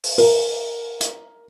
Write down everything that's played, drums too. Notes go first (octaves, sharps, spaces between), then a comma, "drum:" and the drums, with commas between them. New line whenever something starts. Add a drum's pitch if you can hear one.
drum: open hi-hat
A#4, drum: open hi-hat
drum: hi-hat